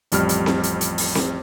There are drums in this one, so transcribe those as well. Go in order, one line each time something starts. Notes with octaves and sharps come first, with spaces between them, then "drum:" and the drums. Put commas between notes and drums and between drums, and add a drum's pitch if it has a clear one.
A1 F2 G3 F6, drum: hi-hat
drum: hi-hat
drum: snare C4
drum: hi-hat
drum: hi-hat
drum: open hi-hat
drum: snare C4